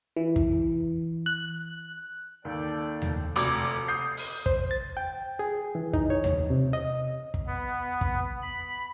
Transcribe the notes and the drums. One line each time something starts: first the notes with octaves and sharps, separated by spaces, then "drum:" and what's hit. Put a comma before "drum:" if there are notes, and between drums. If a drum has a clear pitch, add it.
E3
drum: kick
F#6
D#2 A4 D5 G5
drum: tom D#2
F1 D2 D6, drum: hi-hat
D#6 G6 C7
drum: open hi-hat
C5, drum: kick
A6
G5
G#4
E3
D#4, drum: kick
C#5
drum: tom D#2
C3
D#5
drum: kick
B3
drum: kick
B5